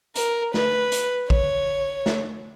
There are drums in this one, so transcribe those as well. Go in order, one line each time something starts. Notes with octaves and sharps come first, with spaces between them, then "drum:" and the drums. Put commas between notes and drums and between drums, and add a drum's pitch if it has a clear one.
A#4, drum: hi-hat
B4, drum: snare
drum: hi-hat
C#5, drum: kick
drum: snare